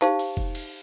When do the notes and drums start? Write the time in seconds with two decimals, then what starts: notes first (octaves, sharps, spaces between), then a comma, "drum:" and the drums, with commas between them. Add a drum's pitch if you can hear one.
0.02 D#4 G4 C5 F5 A5, drum: clap
0.19 drum: cymbal
0.37 drum: kick F1
0.55 drum: cymbal